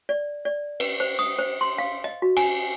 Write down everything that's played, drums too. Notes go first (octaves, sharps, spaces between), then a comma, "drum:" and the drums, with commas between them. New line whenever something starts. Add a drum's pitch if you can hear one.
D5
D5
B4, drum: cymbal
C5
D#6
C5
C6
F5
D#5
F#4
G#5, drum: cymbal